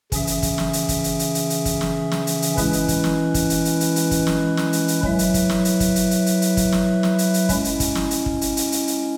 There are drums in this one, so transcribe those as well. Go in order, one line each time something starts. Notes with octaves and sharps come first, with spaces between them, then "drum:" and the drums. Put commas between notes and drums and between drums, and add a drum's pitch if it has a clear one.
C#3 E3 C#4 G#4 E5, drum: kick, hi-hat
drum: hi-hat
drum: kick, hi-hat
drum: snare
drum: hi-hat
drum: kick, hi-hat
drum: hi-hat
drum: hi-hat
drum: hi-hat
drum: hi-hat
drum: kick, hi-hat
drum: snare
drum: snare
drum: hi-hat
drum: hi-hat
E3 G#3 C#4 E4 B4, drum: kick, hi-hat
drum: hi-hat
drum: kick, hi-hat
drum: snare
drum: kick, hi-hat
drum: hi-hat
drum: hi-hat
drum: hi-hat
drum: hi-hat
drum: kick, hi-hat
drum: snare
drum: snare
drum: hi-hat
drum: hi-hat
F#3 E4 B4 E5, drum: kick
drum: hi-hat
drum: kick, hi-hat
drum: snare
drum: hi-hat
drum: kick, hi-hat
drum: hi-hat
drum: hi-hat
drum: hi-hat
drum: hi-hat
drum: kick, hi-hat
drum: snare
drum: snare
drum: hi-hat
drum: hi-hat
G#3 C#4 E4, drum: kick, hi-hat
drum: hi-hat
drum: kick, hi-hat
drum: snare
drum: hi-hat
drum: kick
drum: hi-hat
drum: hi-hat
drum: hi-hat
drum: hi-hat